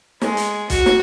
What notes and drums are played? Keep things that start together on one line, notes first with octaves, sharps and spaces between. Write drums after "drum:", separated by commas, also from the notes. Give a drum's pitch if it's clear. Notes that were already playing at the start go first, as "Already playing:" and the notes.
G#3, drum: snare
drum: hi-hat
F#4, drum: kick B1, hi-hat
drum: snare